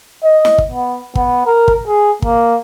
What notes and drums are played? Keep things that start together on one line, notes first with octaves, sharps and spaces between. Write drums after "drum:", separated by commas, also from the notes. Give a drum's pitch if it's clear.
D#5
drum: snare E4
drum: kick
B3
B3, drum: kick
A#4
drum: kick
G#4
A#3, drum: kick